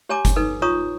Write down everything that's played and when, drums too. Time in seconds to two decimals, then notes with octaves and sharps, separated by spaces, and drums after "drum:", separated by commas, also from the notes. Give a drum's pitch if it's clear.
0.09 G4 C#5 G#5 A#5 D6
0.25 drum: kick F#1, hi-hat
0.36 D#4 A4 B4
0.62 F4 C#5 A#5 C#6 D#6